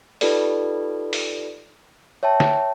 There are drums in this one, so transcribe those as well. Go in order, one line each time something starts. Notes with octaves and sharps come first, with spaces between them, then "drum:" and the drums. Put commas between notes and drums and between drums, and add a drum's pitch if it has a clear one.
D#4 F4 G4 A4 B4 D5, drum: open hi-hat
drum: open hi-hat
C#5 E5 G5 A5
drum: snare